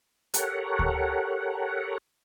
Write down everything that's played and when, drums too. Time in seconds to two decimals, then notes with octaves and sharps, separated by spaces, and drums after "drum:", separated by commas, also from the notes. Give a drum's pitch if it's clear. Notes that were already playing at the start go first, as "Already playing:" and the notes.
0.34 G4 A4 A#4 C#5 F#5, drum: hi-hat
0.79 drum: kick D2